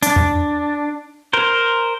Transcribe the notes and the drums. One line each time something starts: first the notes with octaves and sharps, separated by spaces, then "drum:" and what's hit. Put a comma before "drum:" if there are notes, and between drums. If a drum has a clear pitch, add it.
D4, drum: hi-hat
drum: tom E2
A#4 C5